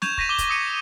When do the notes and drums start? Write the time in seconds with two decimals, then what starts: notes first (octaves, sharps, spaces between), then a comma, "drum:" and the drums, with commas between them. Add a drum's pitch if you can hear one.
0.02 C#6 G6 G#6 E7 F7, drum: snare
0.18 C#6 A#6 B6 D#7 F7, drum: kick
0.29 D6 F7 G7
0.39 drum: kick, hi-hat
0.50 D#6 C#7 D#7